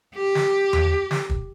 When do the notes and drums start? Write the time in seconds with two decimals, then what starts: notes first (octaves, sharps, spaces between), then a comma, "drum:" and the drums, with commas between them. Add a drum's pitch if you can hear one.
0.16 G4
0.35 drum: snare
0.73 drum: tom E2
1.11 drum: snare
1.30 drum: kick